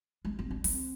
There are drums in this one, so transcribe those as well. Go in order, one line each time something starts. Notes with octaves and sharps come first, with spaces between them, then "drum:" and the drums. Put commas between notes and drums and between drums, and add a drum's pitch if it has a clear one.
G#3
C4
D4
C4, drum: open hi-hat